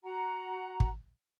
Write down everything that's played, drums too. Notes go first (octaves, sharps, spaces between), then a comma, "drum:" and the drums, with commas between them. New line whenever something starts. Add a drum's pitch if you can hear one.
F#4 F#5 A#5
drum: kick